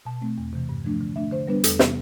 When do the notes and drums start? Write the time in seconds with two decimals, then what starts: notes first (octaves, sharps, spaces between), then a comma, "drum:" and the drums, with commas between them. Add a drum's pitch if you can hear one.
0.05 B2 A5
0.21 A3 C4
0.38 E2
0.53 C3 E3
0.69 G2
0.85 F3 A3 D4
1.01 D3
1.16 A3 D4 E5
1.31 D3 C5
1.48 G3 B3 D4 B4
1.64 E2 A4, drum: hi-hat
1.79 C3 E3 B3 G4, drum: snare